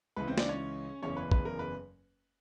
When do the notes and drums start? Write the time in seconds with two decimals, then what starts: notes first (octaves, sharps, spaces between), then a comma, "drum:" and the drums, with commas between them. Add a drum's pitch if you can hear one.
0.16 C#2 C#3 E3 B4
0.28 C4 C5
0.38 D4 D5, drum: snare
0.49 C#4 C#5
1.02 F#1 E2 C#3 E3 C#4 C#5
1.17 B4
1.32 B4, drum: kick
1.45 A#4
1.59 B4